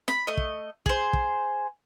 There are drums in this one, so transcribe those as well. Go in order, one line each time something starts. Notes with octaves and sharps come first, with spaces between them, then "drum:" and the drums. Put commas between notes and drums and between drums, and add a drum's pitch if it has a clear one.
B5, drum: snare
A3 D#5
drum: kick
G#4 C5, drum: kick
drum: kick